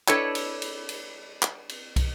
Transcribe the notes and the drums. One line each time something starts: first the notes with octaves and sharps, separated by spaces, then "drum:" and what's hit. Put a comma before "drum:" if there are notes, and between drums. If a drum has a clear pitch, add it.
D4 E4 A4 B4 C#5 D#5, drum: clap
drum: cymbal
drum: cymbal
drum: cymbal
drum: clap
drum: cymbal
drum: kick, cymbal